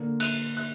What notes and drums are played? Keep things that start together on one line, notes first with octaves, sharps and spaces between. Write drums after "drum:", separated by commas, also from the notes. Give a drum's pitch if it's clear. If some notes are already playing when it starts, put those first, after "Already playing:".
Already playing: D3 A#3
F#6, drum: cymbal
F#6